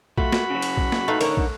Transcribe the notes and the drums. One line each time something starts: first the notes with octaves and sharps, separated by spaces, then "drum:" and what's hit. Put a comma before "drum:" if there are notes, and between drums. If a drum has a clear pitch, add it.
A3 F4 F#4 B5, drum: kick
drum: snare
C#3 F#3
drum: cymbal
drum: kick
drum: snare
A3 D#4 B4 F5
D3 D#3 C#4 A#4 C#5 F#5, drum: cymbal
drum: kick